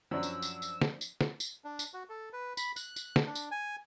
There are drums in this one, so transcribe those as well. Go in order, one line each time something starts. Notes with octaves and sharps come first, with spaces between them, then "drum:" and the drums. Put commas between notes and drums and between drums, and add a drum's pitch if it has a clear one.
F#2 F3 F#3 D4 E6
drum: tambourine
drum: tambourine
drum: tambourine
drum: snare
drum: tambourine
drum: snare
drum: tambourine
D4
drum: tambourine
F#4
A4
B4
B5, drum: tambourine
F#6, drum: tambourine
drum: tambourine
drum: snare
D4
drum: tambourine
G#5